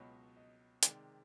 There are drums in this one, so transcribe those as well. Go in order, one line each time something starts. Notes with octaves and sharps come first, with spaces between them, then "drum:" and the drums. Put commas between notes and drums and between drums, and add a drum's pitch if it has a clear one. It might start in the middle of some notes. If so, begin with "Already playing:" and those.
Already playing: C#2 B2 F#3 B3 D#5
D#5
C3 D#3 G#3 D5, drum: hi-hat